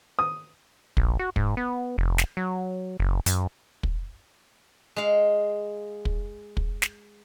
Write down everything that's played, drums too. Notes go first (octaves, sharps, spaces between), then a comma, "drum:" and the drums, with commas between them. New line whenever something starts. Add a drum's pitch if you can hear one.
D#6
A#1, drum: kick
F#4
G#2, drum: kick
B3
F1
drum: snare
F#3
F#1
F#2, drum: hi-hat
drum: kick
G#3 F5
drum: kick
drum: kick
drum: snare